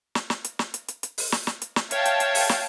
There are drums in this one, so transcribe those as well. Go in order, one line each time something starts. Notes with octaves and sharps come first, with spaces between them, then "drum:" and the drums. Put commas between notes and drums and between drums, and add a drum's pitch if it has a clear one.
drum: snare
drum: snare
drum: hi-hat
drum: snare
drum: hi-hat
drum: hi-hat
drum: hi-hat
drum: open hi-hat
drum: snare
drum: snare
drum: hi-hat
drum: snare
C#5 E5 F5 G5 A5, drum: hi-hat
drum: hi-hat
drum: hi-hat
drum: open hi-hat
drum: snare